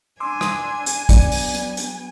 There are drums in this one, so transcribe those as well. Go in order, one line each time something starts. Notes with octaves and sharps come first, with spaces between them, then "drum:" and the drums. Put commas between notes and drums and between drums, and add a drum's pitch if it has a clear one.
D4 G#5 C6 D6 E6
drum: rim click
drum: hi-hat
F#3 B3 D4 D5, drum: kick, hi-hat
drum: open hi-hat
drum: hi-hat
drum: hi-hat